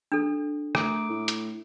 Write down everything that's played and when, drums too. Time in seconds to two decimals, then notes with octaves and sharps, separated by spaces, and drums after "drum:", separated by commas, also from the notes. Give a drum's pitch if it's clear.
0.12 D4 A4
0.75 A3 D6 D7, drum: rim click
1.09 A2
1.28 drum: hi-hat